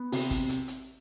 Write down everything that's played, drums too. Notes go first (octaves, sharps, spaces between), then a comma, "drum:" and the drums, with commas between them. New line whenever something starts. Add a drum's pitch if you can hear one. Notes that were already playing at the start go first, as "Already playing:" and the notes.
Already playing: B3
C3, drum: open hi-hat
drum: kick, hi-hat
drum: hi-hat
drum: hi-hat